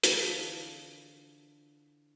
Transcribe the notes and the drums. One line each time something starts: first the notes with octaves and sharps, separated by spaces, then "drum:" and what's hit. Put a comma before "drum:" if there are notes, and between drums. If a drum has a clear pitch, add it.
D3 E3 F3 D4, drum: hi-hat